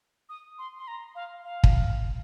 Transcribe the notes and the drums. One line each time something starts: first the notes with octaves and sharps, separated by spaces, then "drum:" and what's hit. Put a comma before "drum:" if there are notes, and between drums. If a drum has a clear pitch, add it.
D#6
C6
C6
A#5
F5
F5
drum: kick